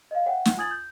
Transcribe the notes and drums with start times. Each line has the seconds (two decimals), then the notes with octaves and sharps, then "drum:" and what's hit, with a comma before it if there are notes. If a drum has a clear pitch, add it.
0.11 D#5 F5
0.26 C#5 E5 F#5 G5
0.45 drum: snare
0.57 F4 G#5 D#6 G#6 A6 F#7
0.71 G6